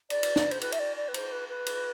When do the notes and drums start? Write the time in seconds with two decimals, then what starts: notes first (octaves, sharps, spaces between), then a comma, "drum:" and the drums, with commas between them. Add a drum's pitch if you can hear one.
0.10 D5, drum: cymbal
0.23 drum: cymbal
0.36 drum: snare
0.51 C5, drum: cymbal
0.61 B4, drum: cymbal
0.72 E5, drum: cymbal
0.79 D5
0.97 D5
1.08 B4
1.14 C5, drum: cymbal
1.32 B4
1.49 B4
1.66 drum: cymbal